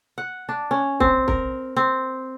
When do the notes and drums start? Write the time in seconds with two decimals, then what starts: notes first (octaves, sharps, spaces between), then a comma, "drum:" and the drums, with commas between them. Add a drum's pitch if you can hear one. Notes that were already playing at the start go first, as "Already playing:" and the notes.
0.18 F#5
0.49 D4
0.71 C#4
1.00 C4, drum: kick
1.28 A#4, drum: kick
1.76 C4